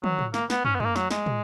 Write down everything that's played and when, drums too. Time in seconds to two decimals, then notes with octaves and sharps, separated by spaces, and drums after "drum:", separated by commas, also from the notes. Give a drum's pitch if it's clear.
0.04 F#3, drum: tom
0.19 drum: tom
0.34 A#3, drum: snare
0.50 B3, drum: snare
0.65 C#4, drum: tom
0.75 B3
0.80 G#3, drum: tom
0.85 A#3
0.96 F#3, drum: snare
1.11 G#3, drum: snare
1.26 drum: tom